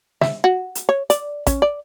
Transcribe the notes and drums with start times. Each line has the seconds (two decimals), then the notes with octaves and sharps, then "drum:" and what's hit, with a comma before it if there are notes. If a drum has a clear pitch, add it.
0.21 E5, drum: snare
0.44 F#4
0.75 drum: hi-hat
0.89 C#5
1.10 D5, drum: hi-hat
1.47 C#4, drum: kick A1, hi-hat
1.62 D5